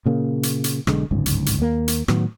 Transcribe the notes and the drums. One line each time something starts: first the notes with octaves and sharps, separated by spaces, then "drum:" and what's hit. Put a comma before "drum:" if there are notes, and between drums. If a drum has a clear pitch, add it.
A#2 C#3 A#3
drum: hi-hat
drum: hi-hat
B1 D3 G#3, drum: rim click
D1 G1 C#2 G#2
drum: hi-hat
drum: hi-hat
D#2 A#3
drum: hi-hat
A2 D#3 F#3 B3, drum: rim click